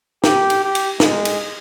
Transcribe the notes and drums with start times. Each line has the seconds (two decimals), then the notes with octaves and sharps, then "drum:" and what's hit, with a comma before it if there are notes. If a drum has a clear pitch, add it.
0.24 G4, drum: snare
0.50 drum: cymbal
0.64 G4
0.75 drum: cymbal
1.00 G#3, drum: snare
1.25 drum: cymbal